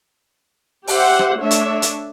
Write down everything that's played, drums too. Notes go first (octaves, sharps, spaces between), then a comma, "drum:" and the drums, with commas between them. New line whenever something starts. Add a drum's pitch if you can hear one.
G4 C5 E5 F#5, drum: open hi-hat
drum: rim click
A3 D4 C#5 E5
drum: hi-hat
drum: hi-hat